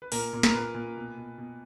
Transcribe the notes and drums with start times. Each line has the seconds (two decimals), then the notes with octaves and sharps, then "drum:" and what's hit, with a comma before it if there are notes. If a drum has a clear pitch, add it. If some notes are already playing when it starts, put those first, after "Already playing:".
0.02 B4
0.12 A#2 A#4, drum: open hi-hat
0.33 A#2
0.43 A#4, drum: snare
0.54 A#2 B4
0.74 A#2
0.97 B2
1.17 B2
1.38 B2